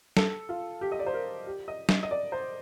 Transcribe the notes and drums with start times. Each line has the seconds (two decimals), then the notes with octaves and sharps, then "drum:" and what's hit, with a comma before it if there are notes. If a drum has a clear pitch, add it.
0.17 A4, drum: snare
0.49 F4
0.81 G4
0.92 D#5
0.99 D5
1.06 C5
1.14 A#4
1.47 G4
1.68 D#5
1.89 D#5, drum: snare
2.03 D#5
2.11 D5
2.32 C5